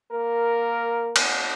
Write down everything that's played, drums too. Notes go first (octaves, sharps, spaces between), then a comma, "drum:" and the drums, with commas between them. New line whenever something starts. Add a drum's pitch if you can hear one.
A#3 A#4
drum: cymbal